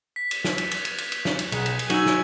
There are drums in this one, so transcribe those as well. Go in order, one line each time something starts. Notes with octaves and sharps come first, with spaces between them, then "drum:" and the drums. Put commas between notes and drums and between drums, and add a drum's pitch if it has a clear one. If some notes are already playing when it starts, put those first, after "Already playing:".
B6
drum: cymbal
drum: snare
drum: cymbal
drum: cymbal
drum: cymbal
drum: cymbal
drum: cymbal
drum: snare
drum: cymbal
B1 G#4 F#5, drum: cymbal
drum: cymbal
drum: cymbal
F#3 D#4 G#5 E6 F#7, drum: cymbal
drum: snare